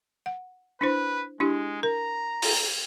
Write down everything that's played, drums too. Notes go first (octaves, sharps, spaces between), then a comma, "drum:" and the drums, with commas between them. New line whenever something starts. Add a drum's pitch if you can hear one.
F#5
D4 E4 B4 C5
G#3 D4 E4 G4
A#4 A#5
drum: open hi-hat